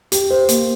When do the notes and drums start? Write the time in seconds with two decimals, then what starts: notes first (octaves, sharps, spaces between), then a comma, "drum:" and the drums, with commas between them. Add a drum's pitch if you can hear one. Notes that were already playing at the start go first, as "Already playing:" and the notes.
0.12 G4, drum: hi-hat
0.30 C5
0.49 A#3, drum: hi-hat